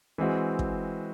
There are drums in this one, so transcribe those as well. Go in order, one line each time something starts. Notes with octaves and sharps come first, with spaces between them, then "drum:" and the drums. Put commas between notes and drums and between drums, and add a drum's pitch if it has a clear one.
E3 G#3 C4 F#4
drum: kick